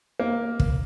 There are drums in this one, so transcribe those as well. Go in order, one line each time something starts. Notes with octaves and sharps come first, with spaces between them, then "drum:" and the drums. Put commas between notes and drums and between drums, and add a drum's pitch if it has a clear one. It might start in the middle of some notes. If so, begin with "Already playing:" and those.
A#3
drum: kick